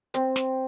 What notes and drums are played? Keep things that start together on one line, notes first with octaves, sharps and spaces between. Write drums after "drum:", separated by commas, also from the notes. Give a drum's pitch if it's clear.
C4, drum: hi-hat
drum: snare